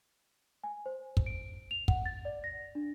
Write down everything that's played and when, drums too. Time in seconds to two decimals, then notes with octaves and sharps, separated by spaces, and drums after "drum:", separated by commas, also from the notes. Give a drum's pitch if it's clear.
0.64 G#5
0.86 C5
1.17 drum: kick
1.26 D7
1.71 F7
1.88 F#5, drum: kick
2.06 A6
2.25 D5
2.44 A#6
2.75 D4